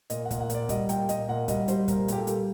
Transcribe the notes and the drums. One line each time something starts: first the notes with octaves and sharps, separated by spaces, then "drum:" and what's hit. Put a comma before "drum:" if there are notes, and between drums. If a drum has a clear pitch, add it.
A#2 D#5, drum: hi-hat
F#5
A#2, drum: kick, hi-hat
F#5
A#2, drum: hi-hat
D5
G3 D#5, drum: kick, hi-hat
A#2 G5, drum: hi-hat
A#2 D#5, drum: hi-hat
A#2 F#5
G3 D#5, drum: kick, hi-hat
G3 C5, drum: hi-hat
A#2 A#4, drum: kick, hi-hat
A#2 G4, drum: hi-hat
A4
G3, drum: hi-hat